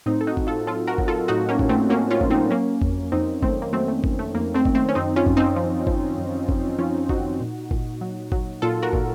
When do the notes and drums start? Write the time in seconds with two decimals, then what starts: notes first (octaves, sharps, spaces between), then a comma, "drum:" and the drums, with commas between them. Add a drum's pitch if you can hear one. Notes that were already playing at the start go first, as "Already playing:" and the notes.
0.06 A2 C4 D#4
0.21 A4
0.27 D#4 F#4
0.37 A2, drum: kick
0.47 F4 A4
0.67 F#3 F4 A4
0.87 F#4 A#4
0.98 F#3, drum: kick
1.08 F4 A4
1.28 A2 D#4 F#4
1.49 A#3 C#4
1.59 A2, drum: kick
1.69 A3 C4
1.90 F#3 A#3 C#4
2.11 C#4 F4
2.21 F#3, drum: kick
2.30 C4 D#4
2.51 F#3 A#3 C#4
2.82 F2, drum: kick
3.12 F2 C4 D#4
3.42 D#3 A3 C4, drum: kick
3.62 A#3
3.73 F#3 A3 C4
3.88 A3
4.04 F2, drum: kick
4.19 A3
4.34 F2 A#3
4.54 A3 C4
4.65 D#3, drum: kick
4.75 A3 C4
4.89 C#4
4.95 F#2 C4 D#4
5.16 C#4 F4
5.26 F#2, drum: kick
5.37 C4 D#4
5.56 F3
5.87 F3, drum: kick
6.18 F#2
6.49 F#2, drum: kick
6.79 F3 C#4 F4
7.09 F3 D#4 F#4, drum: kick
7.40 A#2
7.71 A#2, drum: kick
8.01 F#3
8.32 F#3, drum: kick
8.62 A#2 F4 A4
8.83 F#4 A#4
8.93 A#2, drum: kick